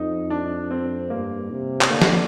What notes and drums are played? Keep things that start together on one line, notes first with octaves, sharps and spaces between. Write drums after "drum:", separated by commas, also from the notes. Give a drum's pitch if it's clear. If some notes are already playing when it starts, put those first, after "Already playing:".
Already playing: F2 D#4
D4
C4
G2 A#3
C3
drum: clap
D3 A#3
drum: snare